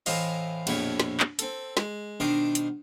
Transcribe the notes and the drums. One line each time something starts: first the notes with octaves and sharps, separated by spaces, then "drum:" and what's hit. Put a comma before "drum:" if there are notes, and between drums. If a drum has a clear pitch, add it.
A2 E3 F4 C5 D#5, drum: open hi-hat
A#1 F2 B2 E4 C#5, drum: cymbal
drum: snare
drum: clap
C4 A4, drum: hi-hat
G#3, drum: snare
B2 D#3 D4 C5 D#5
drum: hi-hat